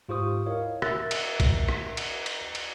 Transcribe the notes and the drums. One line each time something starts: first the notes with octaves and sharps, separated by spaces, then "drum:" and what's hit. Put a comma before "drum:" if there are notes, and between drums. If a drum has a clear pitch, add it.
G#2 F4 G4 C5 C#6 D#6
E4 A#4 C#5 D#5 F5
A#4 E5 E6 F#6 A6, drum: rim click
drum: cymbal
drum: kick, cymbal
drum: rim click
drum: cymbal
drum: cymbal
drum: cymbal